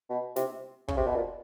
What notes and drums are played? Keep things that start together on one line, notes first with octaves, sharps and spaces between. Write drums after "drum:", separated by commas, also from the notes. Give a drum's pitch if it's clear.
B2
C3, drum: snare
C#3, drum: kick
C3
B2
A#2